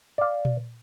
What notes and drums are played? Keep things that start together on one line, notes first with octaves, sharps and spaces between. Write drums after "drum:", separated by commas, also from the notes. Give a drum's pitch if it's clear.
D5 F5
drum: tom A#2